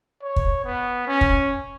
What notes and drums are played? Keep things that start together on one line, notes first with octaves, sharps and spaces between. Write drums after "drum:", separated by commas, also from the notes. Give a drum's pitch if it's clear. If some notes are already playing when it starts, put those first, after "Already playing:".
C#5
drum: kick
B3
C#4
drum: kick